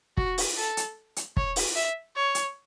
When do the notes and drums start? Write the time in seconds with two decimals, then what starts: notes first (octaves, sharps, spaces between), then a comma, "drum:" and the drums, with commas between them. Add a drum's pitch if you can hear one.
0.17 F#4, drum: kick
0.38 drum: open hi-hat
0.57 A4
0.77 drum: hi-hat
1.16 drum: hi-hat
1.37 C#5, drum: kick
1.56 drum: open hi-hat
1.75 E5
2.15 C#5
2.35 drum: hi-hat